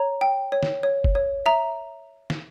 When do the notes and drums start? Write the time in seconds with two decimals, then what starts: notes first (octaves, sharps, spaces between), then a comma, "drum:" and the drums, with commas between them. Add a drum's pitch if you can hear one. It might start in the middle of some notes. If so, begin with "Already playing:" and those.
Already playing: C#5 A#5
0.21 G5
0.52 C#5
0.63 drum: snare
0.83 C#5
1.04 drum: kick F#1
1.15 C#5
1.46 E5 A#5
2.30 drum: snare